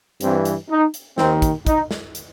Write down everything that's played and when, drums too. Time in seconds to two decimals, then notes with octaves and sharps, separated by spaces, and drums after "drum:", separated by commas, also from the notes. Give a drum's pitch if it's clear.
0.21 G2 E3 C4, drum: hi-hat
0.45 drum: hi-hat
0.70 D#4
0.94 drum: hi-hat
1.18 D#2 D#3 C4, drum: snare
1.42 drum: kick, hi-hat
1.67 D#4, drum: kick, hi-hat
1.91 drum: snare
2.15 drum: hi-hat